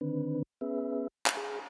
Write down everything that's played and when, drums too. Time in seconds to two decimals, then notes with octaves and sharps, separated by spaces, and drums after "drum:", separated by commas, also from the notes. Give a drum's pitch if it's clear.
0.01 D3 D#3 C4 D4 B4
0.61 B3 C#4 G#4 B4 E5
1.26 drum: clap
1.37 G#4